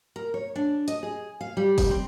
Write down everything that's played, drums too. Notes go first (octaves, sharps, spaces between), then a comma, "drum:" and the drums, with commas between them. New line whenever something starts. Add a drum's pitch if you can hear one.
A#4
C#5
D4
D#5, drum: hi-hat
G#4
F5
G3
drum: kick F#1, open hi-hat
C4